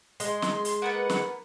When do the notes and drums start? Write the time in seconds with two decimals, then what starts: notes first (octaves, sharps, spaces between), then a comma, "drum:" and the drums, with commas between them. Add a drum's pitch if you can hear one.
0.20 G#3 C6, drum: hi-hat
0.42 drum: snare
0.65 drum: hi-hat
0.82 A#3 B3 B4 F#5
1.10 drum: snare